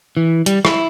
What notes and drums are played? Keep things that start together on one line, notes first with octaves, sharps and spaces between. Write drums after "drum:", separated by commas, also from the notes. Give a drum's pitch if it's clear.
E3
G3, drum: hi-hat
E4, drum: rim click